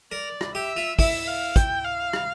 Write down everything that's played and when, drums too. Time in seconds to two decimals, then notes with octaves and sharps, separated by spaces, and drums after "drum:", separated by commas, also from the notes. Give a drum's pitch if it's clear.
0.12 A#4 D5
0.41 drum: rim click
0.55 G4 E5
0.76 F4
0.99 E4 E5, drum: kick, open hi-hat
1.27 F5
1.56 G5, drum: kick, hi-hat
1.85 F5
2.13 drum: rim click